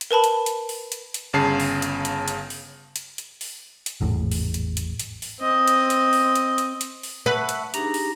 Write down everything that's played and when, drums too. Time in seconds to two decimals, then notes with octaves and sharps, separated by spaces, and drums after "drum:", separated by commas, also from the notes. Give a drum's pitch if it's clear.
0.01 drum: hi-hat
0.11 A#4 B4 A5 B5
0.24 drum: hi-hat
0.46 drum: hi-hat
0.69 drum: open hi-hat
0.92 drum: hi-hat
1.14 drum: hi-hat
1.33 G1 C#3 A5 C7
1.60 drum: open hi-hat
1.82 drum: hi-hat
2.05 drum: hi-hat
2.28 drum: hi-hat
2.50 drum: open hi-hat
2.96 drum: hi-hat
3.18 drum: hi-hat
3.41 drum: open hi-hat
3.86 drum: hi-hat
4.01 G#1 E2 A2
4.32 drum: open hi-hat
4.54 drum: hi-hat
4.77 drum: hi-hat
5.00 drum: hi-hat
5.22 drum: open hi-hat
5.41 C4 D#5
5.67 drum: hi-hat
5.90 drum: hi-hat
6.13 drum: open hi-hat
6.35 drum: hi-hat
6.58 drum: hi-hat
6.81 drum: hi-hat
7.03 drum: open hi-hat
7.26 B4 E5 F#5 A5 C#6
7.49 drum: hi-hat
7.74 D4 D#4 G4 G#4 A#5, drum: hi-hat
7.94 drum: open hi-hat